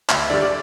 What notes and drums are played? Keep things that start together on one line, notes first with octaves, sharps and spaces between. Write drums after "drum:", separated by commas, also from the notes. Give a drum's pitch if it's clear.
D2 E5, drum: clap
D3 G3 D5
D5